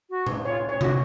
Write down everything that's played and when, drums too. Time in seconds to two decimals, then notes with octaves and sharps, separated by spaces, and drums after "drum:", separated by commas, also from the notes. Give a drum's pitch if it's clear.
0.10 F#4
0.27 drum: tom B2
0.45 F4 C#5
0.69 C#5
0.81 F#4, drum: tom C3